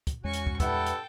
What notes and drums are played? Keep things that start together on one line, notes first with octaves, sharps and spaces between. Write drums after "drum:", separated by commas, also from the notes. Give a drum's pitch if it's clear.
drum: kick, hi-hat
E2 G#3 C#4 F#4 G#5 C#6
drum: hi-hat
drum: kick
G2 B3 E4 A4 F#5 G5 E6, drum: kick, hi-hat
drum: hi-hat